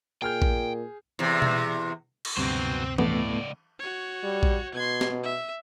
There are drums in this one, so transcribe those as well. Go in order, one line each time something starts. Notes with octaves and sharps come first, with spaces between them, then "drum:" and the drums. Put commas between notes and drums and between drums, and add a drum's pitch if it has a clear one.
A#2 G#4 G5 F6 G6
drum: kick A#1
E2 C3
drum: tom B2
drum: cymbal
D2 G2 C3 F#3 B3 C4 C5
C#2 A2 A3 B3 D5, drum: tom E3
F#4 C#5
G3
drum: kick A#1
B2 C6 G#6
drum: snare
E5